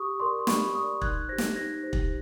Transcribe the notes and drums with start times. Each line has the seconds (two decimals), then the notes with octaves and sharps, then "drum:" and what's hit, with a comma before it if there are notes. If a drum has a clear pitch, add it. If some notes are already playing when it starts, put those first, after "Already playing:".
Already playing: G4 C#6 D#6
0.20 A#4 D5 C6 D6
0.39 C6
0.47 G4 B5 C#6, drum: snare
0.75 A#4 D5 C#6 D#6
1.02 D#4 F#6 G#6, drum: kick
1.29 G4 C5 G#6 A#6
1.38 drum: snare
1.56 D#4 G#6 A#6
1.83 G4 C5
1.93 drum: kick